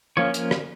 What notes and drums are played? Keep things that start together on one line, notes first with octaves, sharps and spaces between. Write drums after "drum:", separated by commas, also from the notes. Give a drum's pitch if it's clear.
F3 A#3 C#4 C#5
drum: hi-hat
drum: rim click